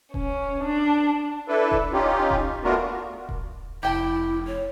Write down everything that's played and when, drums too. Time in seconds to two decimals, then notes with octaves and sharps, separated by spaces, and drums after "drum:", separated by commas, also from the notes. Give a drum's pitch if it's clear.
0.14 C#4, drum: kick D#1
0.65 D4
1.48 D4 E4 A4 B4
1.71 drum: kick D#1
1.93 C#4 D#4 F4 G4
2.30 drum: kick D#1
2.64 A3 B3 D4 F4 F#4 A#4
3.29 drum: kick D#1
3.83 F1 E4 G4 G5 A5
4.47 C#5